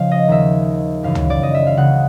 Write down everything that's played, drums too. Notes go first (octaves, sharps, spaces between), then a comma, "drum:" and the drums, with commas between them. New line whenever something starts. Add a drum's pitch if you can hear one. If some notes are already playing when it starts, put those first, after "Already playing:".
Already playing: C#3 F3 G#3 F5
D#5
D#2 D#3 G#3 E5
F#2 C#3 E3 F5
drum: tom C#2
D5
D#5
E5
F5
C#2 C#3 E3 F#5